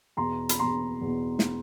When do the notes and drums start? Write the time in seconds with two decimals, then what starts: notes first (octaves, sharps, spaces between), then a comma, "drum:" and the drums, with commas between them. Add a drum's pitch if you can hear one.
0.17 E2 B2 A#5 C6
0.49 B5, drum: hi-hat
0.59 E2 B2 A#5 C6
1.01 E2 B2
1.39 drum: snare